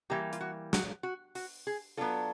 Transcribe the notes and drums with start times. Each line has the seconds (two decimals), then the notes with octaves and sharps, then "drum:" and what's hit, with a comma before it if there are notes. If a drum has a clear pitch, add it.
0.10 E3 G3 A#3 G4
0.33 F4, drum: hi-hat
0.41 F#4
0.73 F#4, drum: snare
1.03 F#4
1.35 F#4, drum: open hi-hat
1.67 G#4
1.97 F#3 B3 D4 F4 A4